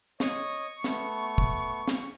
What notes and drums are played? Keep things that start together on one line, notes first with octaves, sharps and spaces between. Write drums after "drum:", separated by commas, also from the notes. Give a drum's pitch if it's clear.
C#5 D#5 C#6 D#6, drum: snare
A3 B3, drum: snare
drum: kick
drum: snare